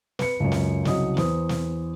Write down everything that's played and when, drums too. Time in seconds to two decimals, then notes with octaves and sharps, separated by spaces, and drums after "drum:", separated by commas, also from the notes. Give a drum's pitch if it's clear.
0.19 B4 C#7, drum: snare
0.40 C#2 F#2
0.52 drum: snare
0.85 C2 C#3 F#3 D#5 D#6, drum: snare
1.17 E2 C5 D#6, drum: snare
1.49 drum: snare